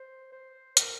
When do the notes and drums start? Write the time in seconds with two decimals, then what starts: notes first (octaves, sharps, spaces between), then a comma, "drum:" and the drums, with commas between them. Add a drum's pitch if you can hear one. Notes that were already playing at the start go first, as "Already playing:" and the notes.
Already playing: C5
0.32 C5
0.77 A#4, drum: hi-hat